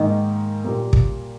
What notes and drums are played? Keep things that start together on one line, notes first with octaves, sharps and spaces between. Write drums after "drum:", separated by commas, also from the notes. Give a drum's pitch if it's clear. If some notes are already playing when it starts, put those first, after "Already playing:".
Already playing: G#2 D#3 A#3 D#5
A#2 G3 A#3
drum: kick